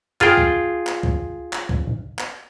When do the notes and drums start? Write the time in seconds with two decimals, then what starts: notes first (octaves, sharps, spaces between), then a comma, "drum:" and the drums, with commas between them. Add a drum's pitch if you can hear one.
0.21 F4 G#4 G5, drum: clap
0.37 drum: kick
0.87 drum: clap
1.03 drum: kick
1.53 drum: clap
1.69 drum: kick
2.19 drum: clap